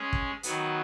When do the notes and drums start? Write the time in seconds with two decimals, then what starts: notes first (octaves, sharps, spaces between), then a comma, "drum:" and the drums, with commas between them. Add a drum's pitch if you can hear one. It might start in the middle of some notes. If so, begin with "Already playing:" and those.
Already playing: G#3 C#4 G#4
0.13 drum: kick
0.43 D#3 F#3 B3, drum: hi-hat